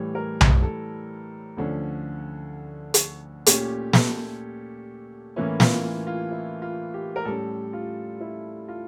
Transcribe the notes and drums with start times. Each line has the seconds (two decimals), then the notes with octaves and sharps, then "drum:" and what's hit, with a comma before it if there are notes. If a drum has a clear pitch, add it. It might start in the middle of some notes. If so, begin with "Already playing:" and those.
Already playing: A2 E3 G3 C#5
0.15 A#4
0.41 drum: tom B1
0.62 A4
1.57 D2 D3 F3 C#4
2.94 drum: hi-hat
3.46 A#2 A3 C#4 G4, drum: hi-hat
3.93 A4, drum: snare
5.36 A2 E3 A#3 C#4 E4
5.60 F4, drum: snare
6.07 F4
6.31 E4
6.62 F4
6.94 G4
7.16 A#4
7.25 A2 G3 C#4 A4
7.73 F4
8.21 E4
8.68 F4